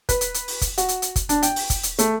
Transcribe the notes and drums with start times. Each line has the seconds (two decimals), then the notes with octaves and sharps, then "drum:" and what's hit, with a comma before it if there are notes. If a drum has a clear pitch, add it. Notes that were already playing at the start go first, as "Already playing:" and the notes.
0.09 B4, drum: kick, hi-hat
0.21 drum: hi-hat
0.34 drum: hi-hat
0.48 drum: open hi-hat
0.61 drum: kick, hi-hat
0.78 F#4, drum: hi-hat
0.89 drum: hi-hat
1.02 drum: hi-hat
1.16 drum: kick, hi-hat
1.29 D4, drum: hi-hat
1.43 G5, drum: hi-hat
1.56 drum: open hi-hat
1.70 drum: kick, hi-hat
1.83 drum: hi-hat
1.99 A3, drum: hi-hat